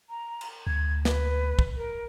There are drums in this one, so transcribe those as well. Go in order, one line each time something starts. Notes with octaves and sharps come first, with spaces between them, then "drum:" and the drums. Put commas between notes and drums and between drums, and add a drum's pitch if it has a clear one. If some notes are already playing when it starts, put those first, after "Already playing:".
A#5
drum: cymbal
D2 G#6
B4, drum: snare
drum: kick
A#4